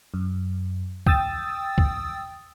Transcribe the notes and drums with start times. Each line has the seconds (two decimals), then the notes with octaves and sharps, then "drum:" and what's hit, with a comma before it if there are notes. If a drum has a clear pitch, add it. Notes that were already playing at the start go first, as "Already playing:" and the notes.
0.14 F#2
1.06 G5 D#6 E6 A6, drum: kick C#2
1.78 drum: kick C#2